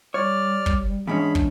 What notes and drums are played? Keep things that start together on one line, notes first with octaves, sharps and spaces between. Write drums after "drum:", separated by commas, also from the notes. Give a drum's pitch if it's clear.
G3 C#5 D5 F6
drum: kick
E2 G#2 C#4 D4 G#4 B5
drum: kick